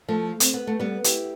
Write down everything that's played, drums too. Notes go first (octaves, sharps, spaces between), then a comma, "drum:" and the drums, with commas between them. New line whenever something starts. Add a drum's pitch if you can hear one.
F3 A3
C4, drum: hi-hat
B3
A3
G3 B3
E4 G4, drum: hi-hat